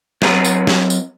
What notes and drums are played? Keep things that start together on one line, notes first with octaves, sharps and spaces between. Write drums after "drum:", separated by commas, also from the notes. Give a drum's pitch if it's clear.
F#3 C4 C#5 A#5 B5, drum: snare
drum: tambourine
drum: snare
drum: tambourine